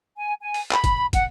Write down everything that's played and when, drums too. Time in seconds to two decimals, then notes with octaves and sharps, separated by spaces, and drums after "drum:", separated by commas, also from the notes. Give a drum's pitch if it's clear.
0.16 G#5
0.40 G#5
0.54 drum: open hi-hat
0.71 B5, drum: clap
0.84 drum: kick, hi-hat
1.13 F#5, drum: kick, hi-hat